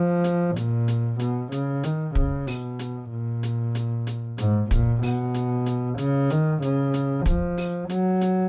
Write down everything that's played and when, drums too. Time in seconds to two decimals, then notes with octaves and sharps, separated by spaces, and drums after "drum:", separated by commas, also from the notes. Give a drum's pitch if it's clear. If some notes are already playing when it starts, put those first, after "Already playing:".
Already playing: F3
0.24 drum: hi-hat
0.56 A#2, drum: hi-hat
0.88 drum: hi-hat
1.20 B2, drum: hi-hat
1.52 C#3, drum: hi-hat
1.83 D#3, drum: hi-hat
2.15 C#3, drum: kick
2.47 B2, drum: open hi-hat
2.79 drum: hi-hat
3.11 A#2
3.43 drum: hi-hat
3.75 drum: hi-hat
4.07 drum: hi-hat
4.38 G#2, drum: hi-hat
4.71 A#2, drum: kick, hi-hat
5.03 B2, drum: open hi-hat
5.34 drum: hi-hat
5.66 drum: hi-hat
5.98 C#3, drum: hi-hat
6.30 D#3, drum: hi-hat
6.62 C#3, drum: hi-hat
6.94 drum: hi-hat
7.26 F3, drum: kick, hi-hat
7.58 drum: open hi-hat
7.89 F#3, drum: hi-hat
8.21 drum: hi-hat